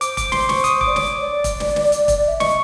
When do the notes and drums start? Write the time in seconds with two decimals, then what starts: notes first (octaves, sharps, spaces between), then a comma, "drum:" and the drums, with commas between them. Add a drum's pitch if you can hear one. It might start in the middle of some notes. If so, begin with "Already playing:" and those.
0.01 C5 D6, drum: hi-hat
0.17 D6, drum: kick E1, hi-hat
0.32 C6, drum: snare
0.49 C#6, drum: snare
0.64 D#6, drum: hi-hat
0.81 D6, drum: kick E1
0.87 D5
0.96 C#5 D6, drum: snare
1.20 D5
1.44 drum: kick E1, hi-hat
1.60 drum: snare
1.76 drum: snare
1.92 drum: hi-hat
2.08 drum: kick E1, hi-hat
2.28 E5
2.40 D#5 C#6, drum: snare